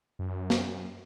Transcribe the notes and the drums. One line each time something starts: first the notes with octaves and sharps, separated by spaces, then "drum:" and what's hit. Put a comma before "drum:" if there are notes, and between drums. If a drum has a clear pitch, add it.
F#2
drum: snare